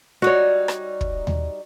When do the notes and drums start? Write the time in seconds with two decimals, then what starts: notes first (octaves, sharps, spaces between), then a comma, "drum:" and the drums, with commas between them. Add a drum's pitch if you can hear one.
0.22 G3 D#4 F#4 C#5
0.68 drum: rim click
1.01 drum: kick
1.27 drum: tom D#2